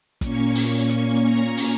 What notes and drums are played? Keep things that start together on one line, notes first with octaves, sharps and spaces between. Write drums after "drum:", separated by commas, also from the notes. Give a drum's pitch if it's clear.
A#2 A#3 C#4 C#6, drum: kick, hi-hat
drum: open hi-hat
drum: hi-hat
A#5
drum: open hi-hat